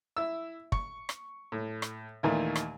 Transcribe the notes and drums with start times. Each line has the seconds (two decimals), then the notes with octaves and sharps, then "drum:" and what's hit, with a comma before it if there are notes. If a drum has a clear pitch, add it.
0.17 E4 E6
0.72 C#6, drum: kick
1.09 drum: rim click
1.52 A2
1.82 drum: rim click
2.23 D#2 A#2 D#3 E3 A3
2.55 drum: rim click